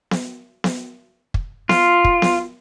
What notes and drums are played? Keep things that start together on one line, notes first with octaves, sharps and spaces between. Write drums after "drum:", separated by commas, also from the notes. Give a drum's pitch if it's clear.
drum: snare B3
drum: snare B3
drum: kick
F4, drum: snare B3
drum: kick
drum: snare B3